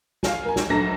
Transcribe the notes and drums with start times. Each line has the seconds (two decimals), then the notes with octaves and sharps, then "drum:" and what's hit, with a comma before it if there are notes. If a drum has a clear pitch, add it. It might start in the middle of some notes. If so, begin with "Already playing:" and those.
0.23 F5 G#5, drum: snare
0.45 A#4 G#5
0.56 drum: snare
0.69 G#1 D2 F#3 A4 A#6